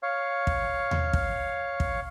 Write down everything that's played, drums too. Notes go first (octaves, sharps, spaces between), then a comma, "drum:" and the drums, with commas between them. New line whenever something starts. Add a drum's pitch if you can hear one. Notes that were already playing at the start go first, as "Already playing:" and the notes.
C#5 F5
drum: kick
drum: tom D#2
drum: kick
drum: kick